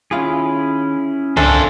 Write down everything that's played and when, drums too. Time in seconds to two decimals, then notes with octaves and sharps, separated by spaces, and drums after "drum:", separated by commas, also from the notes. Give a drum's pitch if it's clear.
0.11 D#2 C#4 E4 F4 G#4 F5
1.37 A3 D4 F4 A4 A#4 C5 G#5, drum: tom